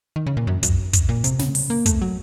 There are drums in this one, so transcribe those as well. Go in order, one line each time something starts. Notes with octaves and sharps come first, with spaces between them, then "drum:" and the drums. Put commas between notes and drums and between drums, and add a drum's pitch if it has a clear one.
D#3
C#3
A#2
F#2
F#2, drum: kick, hi-hat
drum: kick, hi-hat
A#2
C3, drum: hi-hat
C#3, drum: snare
drum: open hi-hat
A#3
A3, drum: kick, hi-hat
F#3